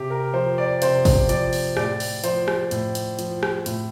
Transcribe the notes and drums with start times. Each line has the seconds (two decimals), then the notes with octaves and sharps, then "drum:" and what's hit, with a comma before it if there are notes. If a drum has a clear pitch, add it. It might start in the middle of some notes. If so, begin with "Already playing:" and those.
Already playing: C3 G4
0.10 A#4
0.34 F3 C5
0.58 D5
0.82 C3 C5, drum: hi-hat
1.05 drum: kick, open hi-hat
1.29 F3 D5, drum: hi-hat
1.53 drum: open hi-hat
1.77 A2 D5, drum: rim click
2.00 drum: open hi-hat
2.24 F3 C5, drum: hi-hat
2.48 drum: rim click
2.71 A2, drum: hi-hat
2.95 drum: hi-hat
3.19 F3, drum: hi-hat
3.43 drum: rim click
3.66 A2, drum: hi-hat